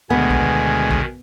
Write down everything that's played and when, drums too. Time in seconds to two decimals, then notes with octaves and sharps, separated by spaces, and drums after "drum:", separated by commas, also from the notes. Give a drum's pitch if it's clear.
0.10 D2 B2 D#3 G#3 B3 G#5
0.30 drum: kick A#1
0.91 drum: kick A#1